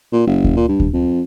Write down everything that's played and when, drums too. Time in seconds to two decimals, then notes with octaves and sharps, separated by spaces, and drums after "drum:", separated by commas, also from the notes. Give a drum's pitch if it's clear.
0.12 A#2
0.27 F#1
0.44 drum: kick D2
0.57 A#2
0.68 G2
0.80 drum: kick D2
0.93 F2